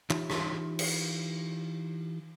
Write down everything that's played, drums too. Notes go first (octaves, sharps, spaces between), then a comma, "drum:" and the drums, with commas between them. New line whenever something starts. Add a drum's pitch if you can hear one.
E3 D#4 F4 G4 C#5 E5, drum: clap
drum: rim click
drum: cymbal